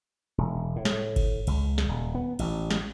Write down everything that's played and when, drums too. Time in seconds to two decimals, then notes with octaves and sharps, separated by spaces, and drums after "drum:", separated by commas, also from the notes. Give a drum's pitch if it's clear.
0.38 E1
0.76 A2
0.85 drum: snare
1.16 drum: kick G1, cymbal
1.47 C#2, drum: cymbal
1.78 drum: snare
1.89 D#1
2.15 B3
2.39 A1, drum: cymbal
2.70 drum: snare